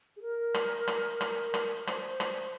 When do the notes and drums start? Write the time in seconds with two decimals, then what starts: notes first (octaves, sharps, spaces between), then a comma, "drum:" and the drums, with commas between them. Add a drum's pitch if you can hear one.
0.16 G#4
0.22 A#4
0.54 drum: rim click
0.88 drum: rim click
1.21 drum: rim click
1.54 drum: rim click
1.77 A#4
1.87 C5, drum: rim click
2.20 drum: rim click